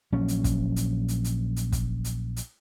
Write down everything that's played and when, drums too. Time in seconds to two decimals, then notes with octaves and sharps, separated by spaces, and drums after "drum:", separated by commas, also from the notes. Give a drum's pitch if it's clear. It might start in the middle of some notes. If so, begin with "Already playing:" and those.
0.12 A#1 F#3 C#4
0.28 drum: hi-hat
0.44 drum: kick, hi-hat
0.76 drum: hi-hat
1.08 drum: hi-hat
1.24 drum: hi-hat
1.56 drum: hi-hat
1.72 drum: kick, hi-hat
2.04 drum: hi-hat
2.36 drum: hi-hat